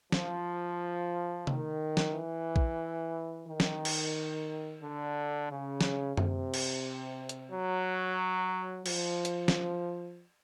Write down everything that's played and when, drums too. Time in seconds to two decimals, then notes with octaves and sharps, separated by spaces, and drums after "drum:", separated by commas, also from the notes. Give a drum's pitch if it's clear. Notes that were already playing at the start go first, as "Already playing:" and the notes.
0.12 F3, drum: snare
1.47 D#3, drum: tom C3
1.97 drum: snare
2.14 E3
2.56 drum: kick A#1
3.48 D#3
3.60 drum: snare
3.85 drum: cymbal
4.83 D3
5.50 C#3
5.81 drum: snare
6.17 C3, drum: tom F#2
6.54 drum: cymbal
7.29 drum: hi-hat
7.51 F#3
8.86 F3, drum: cymbal
9.25 drum: hi-hat
9.48 drum: snare